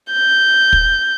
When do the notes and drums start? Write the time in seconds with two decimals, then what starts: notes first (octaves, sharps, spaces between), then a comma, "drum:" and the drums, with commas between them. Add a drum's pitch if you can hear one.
0.13 G6
0.73 drum: kick